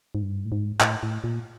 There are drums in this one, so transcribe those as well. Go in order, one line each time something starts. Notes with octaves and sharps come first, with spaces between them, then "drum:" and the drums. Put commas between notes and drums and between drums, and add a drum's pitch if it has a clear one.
G#2
G2
A2
G#2
A2, drum: clap
A2
A#2